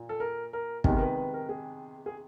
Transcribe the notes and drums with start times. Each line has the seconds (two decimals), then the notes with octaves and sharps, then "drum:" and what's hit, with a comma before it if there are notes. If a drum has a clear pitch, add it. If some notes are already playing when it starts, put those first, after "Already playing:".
Already playing: A#2
0.09 A4
0.20 A#4
0.53 A#4
0.84 C3 D#3 G#3 B3 A#4, drum: kick
0.96 A#4
1.01 B4
1.17 B4
1.34 A#4
1.49 G#4
2.06 G#4